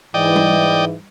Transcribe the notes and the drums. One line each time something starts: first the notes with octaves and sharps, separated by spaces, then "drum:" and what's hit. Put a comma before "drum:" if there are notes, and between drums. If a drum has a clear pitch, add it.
G#2 E3 D5 D#5 G5
drum: tom G3